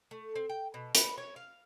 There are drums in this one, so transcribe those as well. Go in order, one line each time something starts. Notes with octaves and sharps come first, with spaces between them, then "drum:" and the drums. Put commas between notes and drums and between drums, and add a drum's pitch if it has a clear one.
A3
C4
G5
B2
B4, drum: hi-hat
C#5
F5